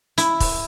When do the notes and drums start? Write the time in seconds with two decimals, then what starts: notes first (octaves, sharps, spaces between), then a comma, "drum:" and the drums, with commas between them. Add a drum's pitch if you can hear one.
0.18 E4, drum: hi-hat
0.40 drum: kick, open hi-hat